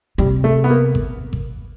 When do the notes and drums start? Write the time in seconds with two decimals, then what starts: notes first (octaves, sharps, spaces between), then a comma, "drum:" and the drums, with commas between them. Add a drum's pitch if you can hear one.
0.18 C3 G3, drum: kick G#1
0.44 A3
0.64 B3
0.69 A#3
0.95 drum: kick G#1
1.33 drum: kick G#1